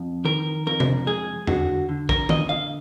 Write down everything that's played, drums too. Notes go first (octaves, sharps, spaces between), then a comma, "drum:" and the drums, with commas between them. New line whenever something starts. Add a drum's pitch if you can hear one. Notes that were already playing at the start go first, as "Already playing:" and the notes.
Already playing: F2
D#3 A#4
F2 A#4
drum: tom C3
G#3 G#4
D3 F#4, drum: tom E2
D3
A#4, drum: kick A1
D3 D#5, drum: tom D#3
F5